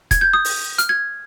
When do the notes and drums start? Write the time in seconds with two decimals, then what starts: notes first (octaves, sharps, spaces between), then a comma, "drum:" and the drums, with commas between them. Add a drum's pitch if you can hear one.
0.11 G#6, drum: kick, hi-hat
0.21 G6
0.33 D#6
0.45 drum: open hi-hat
0.78 F6, drum: hi-hat
0.89 G#6